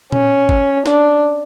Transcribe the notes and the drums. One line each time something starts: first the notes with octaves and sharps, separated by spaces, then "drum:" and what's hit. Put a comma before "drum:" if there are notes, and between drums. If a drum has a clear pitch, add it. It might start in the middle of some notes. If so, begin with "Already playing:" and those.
C#4, drum: tom A#2
drum: kick
D4, drum: snare